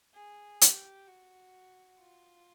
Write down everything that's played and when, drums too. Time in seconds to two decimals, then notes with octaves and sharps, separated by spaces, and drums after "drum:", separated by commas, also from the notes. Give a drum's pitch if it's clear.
0.14 G#4
0.61 G4, drum: hi-hat
1.08 F#4
2.00 F4